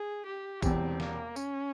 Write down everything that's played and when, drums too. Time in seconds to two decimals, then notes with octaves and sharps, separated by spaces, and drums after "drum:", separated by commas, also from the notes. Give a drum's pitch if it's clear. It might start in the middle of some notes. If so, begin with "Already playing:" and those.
Already playing: G#4
0.27 G4
0.62 E1 E2 C3 E3 G3 C4, drum: kick, tambourine
1.00 A#3, drum: snare
1.36 C#4, drum: tambourine